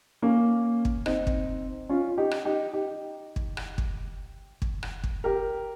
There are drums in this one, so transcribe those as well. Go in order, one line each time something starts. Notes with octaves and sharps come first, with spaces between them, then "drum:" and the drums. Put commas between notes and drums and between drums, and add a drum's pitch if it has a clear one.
A#3 C#4
drum: kick
C4 D#4, drum: rim click
drum: kick
C#4 F4
D#4 G4
drum: rim click
D#4 G4
D#4 G4
drum: kick
drum: rim click
drum: kick
drum: kick
drum: rim click
drum: kick
G4 A#4